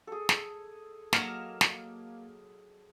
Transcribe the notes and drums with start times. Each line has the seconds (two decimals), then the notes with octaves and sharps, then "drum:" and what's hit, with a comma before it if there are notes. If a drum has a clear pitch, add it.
0.07 G#4 A4
0.29 drum: snare
1.13 F#3 A#3 D#5 F6 E7, drum: snare
1.61 drum: snare